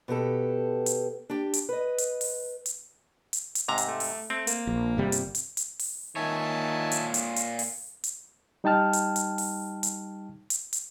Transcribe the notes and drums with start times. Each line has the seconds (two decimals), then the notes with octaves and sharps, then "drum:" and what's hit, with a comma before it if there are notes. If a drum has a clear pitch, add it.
0.08 B2 B3 G4 A4
0.86 drum: hi-hat
1.30 D4 G4
1.53 drum: hi-hat
1.69 B4 D#5
1.98 drum: hi-hat
2.21 drum: open hi-hat
2.66 drum: hi-hat
3.33 drum: hi-hat
3.55 drum: hi-hat
3.68 G#2 C3 A#5
3.78 drum: hi-hat
3.88 A3
4.00 drum: open hi-hat
4.30 A3 C4
4.47 A#3, drum: hi-hat
4.67 A#1
4.97 G1 C3 G3
5.12 drum: hi-hat
5.35 drum: hi-hat
5.57 drum: hi-hat
5.79 drum: open hi-hat
6.16 A#2 D#3 C#5 E5 G#5 A5
6.91 drum: hi-hat
7.14 drum: hi-hat
7.36 drum: hi-hat
7.59 drum: open hi-hat
8.04 drum: hi-hat
8.64 G3 D#4 G5 A5 F6
8.93 drum: hi-hat
9.16 drum: hi-hat
9.38 drum: open hi-hat
9.83 drum: hi-hat
10.50 drum: hi-hat
10.73 drum: hi-hat